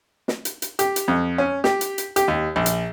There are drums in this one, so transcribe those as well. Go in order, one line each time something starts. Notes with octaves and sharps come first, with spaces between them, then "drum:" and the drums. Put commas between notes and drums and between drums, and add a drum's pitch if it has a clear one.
drum: snare
drum: hi-hat
drum: hi-hat
G4, drum: hi-hat
drum: hi-hat
F2
C#4
G4, drum: snare
drum: hi-hat
drum: hi-hat
G4, drum: hi-hat
D#2
A#1
drum: hi-hat